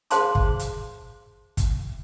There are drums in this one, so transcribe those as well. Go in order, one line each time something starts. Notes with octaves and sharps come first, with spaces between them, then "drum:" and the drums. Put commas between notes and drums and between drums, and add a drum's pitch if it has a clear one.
G#4 C5 F5 A5 C6 D6, drum: hi-hat
drum: kick
drum: hi-hat
drum: kick, hi-hat